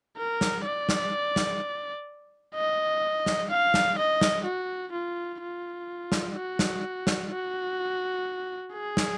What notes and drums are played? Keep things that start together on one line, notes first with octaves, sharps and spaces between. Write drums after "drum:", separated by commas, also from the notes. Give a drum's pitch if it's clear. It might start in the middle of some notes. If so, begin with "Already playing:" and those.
A#4
drum: snare
D5
drum: snare
drum: snare
D#5
drum: snare
F5
drum: snare
D#5
drum: snare
F#4
F4
F4
drum: snare
F#4
drum: snare
drum: snare
F#4
G#4
drum: snare